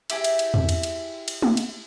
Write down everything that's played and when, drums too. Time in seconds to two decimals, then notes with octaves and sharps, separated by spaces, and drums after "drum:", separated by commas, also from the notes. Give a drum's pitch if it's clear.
0.10 E4 G4 G#4 E5, drum: cymbal
0.24 drum: cymbal
0.39 drum: cymbal
0.54 drum: tom E2
0.69 drum: cymbal
0.83 drum: cymbal
1.28 drum: cymbal
1.42 drum: tom G#3
1.57 drum: cymbal